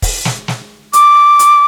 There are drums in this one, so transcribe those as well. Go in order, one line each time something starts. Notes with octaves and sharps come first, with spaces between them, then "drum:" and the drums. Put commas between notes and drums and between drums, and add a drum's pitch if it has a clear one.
drum: kick, open hi-hat
drum: snare
drum: snare
D6, drum: hi-hat
drum: hi-hat